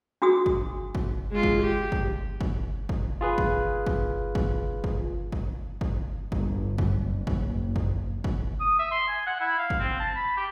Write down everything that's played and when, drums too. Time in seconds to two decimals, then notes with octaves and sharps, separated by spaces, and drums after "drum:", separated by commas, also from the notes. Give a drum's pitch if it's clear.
0.22 D4 F#4 G#4 D#6
0.46 drum: kick
0.95 drum: kick
1.31 G#3 F4
1.43 drum: kick
1.62 G4
1.92 drum: kick
2.41 drum: kick
2.89 drum: kick
3.21 F4 G#4 B4
3.38 drum: kick
3.87 drum: kick
4.35 drum: kick
4.84 drum: kick
5.32 drum: kick
5.81 drum: kick
6.32 G1, drum: kick
6.78 drum: kick
6.91 F#1
7.27 drum: kick
7.76 drum: kick
8.24 drum: kick
8.60 D#6
8.79 E5
8.92 C6
9.08 G#5
9.27 F#5
9.40 E4
9.58 F5
9.70 drum: kick
9.80 C4
10.00 A5
10.16 B5
10.37 G4